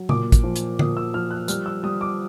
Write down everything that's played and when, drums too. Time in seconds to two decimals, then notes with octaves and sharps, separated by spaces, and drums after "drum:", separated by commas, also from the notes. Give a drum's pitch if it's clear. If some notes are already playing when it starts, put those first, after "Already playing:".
Already playing: F#3
0.09 A#2 D6, drum: tom C#3
0.32 drum: kick, hi-hat
0.44 F3
0.56 drum: hi-hat
0.79 A#2 D#6, drum: tom
0.97 E6
1.14 F3 F6
1.31 F#6
1.48 G3 F6, drum: hi-hat
1.66 E6
1.83 G3 D#6
2.01 D6